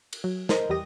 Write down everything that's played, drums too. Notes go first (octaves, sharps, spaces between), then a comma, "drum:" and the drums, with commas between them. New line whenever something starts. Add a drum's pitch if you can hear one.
drum: cymbal
F#3
A#4 C5 D#5, drum: snare
E2 E3 G3 G4 D#6 A#6